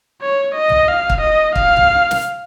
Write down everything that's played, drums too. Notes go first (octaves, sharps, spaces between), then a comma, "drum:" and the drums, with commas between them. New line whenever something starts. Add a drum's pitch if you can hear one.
C#5
D#5
drum: tom
F5
drum: kick
D#5
F5, drum: kick
drum: tom
drum: snare